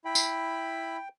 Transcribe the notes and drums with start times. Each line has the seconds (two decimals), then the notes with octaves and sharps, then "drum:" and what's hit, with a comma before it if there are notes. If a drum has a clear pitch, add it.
0.05 E4 G5 B5
0.15 drum: tambourine